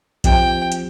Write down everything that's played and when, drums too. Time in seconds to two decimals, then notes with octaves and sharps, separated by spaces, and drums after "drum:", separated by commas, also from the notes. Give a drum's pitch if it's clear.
0.24 F3 C4 G4 G5, drum: kick A#1, hi-hat
0.72 drum: hi-hat